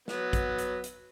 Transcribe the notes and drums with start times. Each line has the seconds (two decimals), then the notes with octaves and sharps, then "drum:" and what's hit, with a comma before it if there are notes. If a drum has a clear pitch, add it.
0.08 F#3 B3, drum: snare
0.33 drum: kick, hi-hat
0.59 drum: hi-hat
0.84 drum: hi-hat